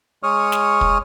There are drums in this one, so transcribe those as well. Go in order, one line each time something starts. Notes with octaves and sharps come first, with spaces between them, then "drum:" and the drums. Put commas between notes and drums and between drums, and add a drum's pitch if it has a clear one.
G#3 C#5 C#6 D#6 F6
drum: snare
drum: kick